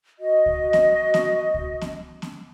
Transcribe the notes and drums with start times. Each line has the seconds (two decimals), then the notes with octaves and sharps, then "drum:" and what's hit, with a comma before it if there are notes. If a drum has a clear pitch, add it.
0.19 F#4 D#5
0.46 drum: kick C#2
0.73 drum: snare
1.14 drum: snare
1.54 drum: kick C#2
1.81 drum: snare
2.22 drum: snare